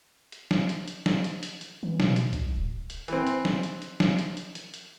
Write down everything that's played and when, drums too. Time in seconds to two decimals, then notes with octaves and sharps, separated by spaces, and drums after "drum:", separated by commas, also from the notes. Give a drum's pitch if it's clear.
0.32 drum: hi-hat
0.51 drum: snare
0.69 drum: hi-hat
0.88 drum: hi-hat
1.06 drum: snare
1.24 drum: hi-hat
1.43 drum: hi-hat
1.61 drum: hi-hat
1.83 E3
2.00 B2, drum: snare
2.16 drum: hi-hat
2.33 C2, drum: hi-hat
2.57 D1
2.90 drum: hi-hat
3.08 E3 C4, drum: hi-hat
3.27 drum: hi-hat
3.45 drum: snare
3.63 drum: hi-hat
3.82 drum: hi-hat
4.00 drum: snare
4.19 drum: hi-hat
4.37 drum: hi-hat
4.55 drum: hi-hat
4.74 drum: hi-hat